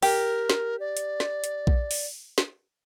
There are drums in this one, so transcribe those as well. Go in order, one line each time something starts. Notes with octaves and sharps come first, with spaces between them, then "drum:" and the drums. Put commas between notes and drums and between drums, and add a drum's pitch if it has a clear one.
G4 A#4, drum: open hi-hat
drum: snare
D5
drum: hi-hat
drum: snare
drum: hi-hat
drum: kick A#1
drum: open hi-hat
drum: snare